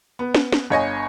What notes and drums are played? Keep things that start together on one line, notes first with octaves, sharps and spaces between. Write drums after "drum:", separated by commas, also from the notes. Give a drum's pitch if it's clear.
B3
drum: snare
drum: snare
G1 C#5 D#5 G#5